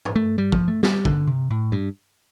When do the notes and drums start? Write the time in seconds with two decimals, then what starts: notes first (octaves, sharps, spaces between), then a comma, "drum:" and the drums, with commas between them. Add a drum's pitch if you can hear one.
0.05 drum: tom G2
0.16 A3
0.38 G3
0.52 F3, drum: kick
0.68 A3
0.83 G3, drum: snare
1.05 D3, drum: kick
1.27 C3
1.51 A2
1.72 G2